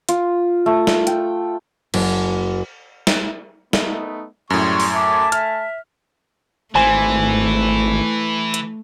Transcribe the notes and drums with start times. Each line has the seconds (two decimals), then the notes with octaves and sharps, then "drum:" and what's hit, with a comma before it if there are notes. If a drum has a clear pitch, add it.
0.09 F4, drum: hi-hat
0.66 A3
0.87 drum: snare
1.07 G5, drum: hi-hat
1.94 F#1, drum: cymbal
3.07 drum: snare
3.73 A3 B3 D#4, drum: snare
4.50 F#2 A2 G3 C6 C#6
4.80 drum: open hi-hat
4.93 A3 E5 G#5 A5 D6
5.32 E5 F6, drum: hi-hat
6.75 G#1 E3 A3 C5 G#5
8.54 drum: hi-hat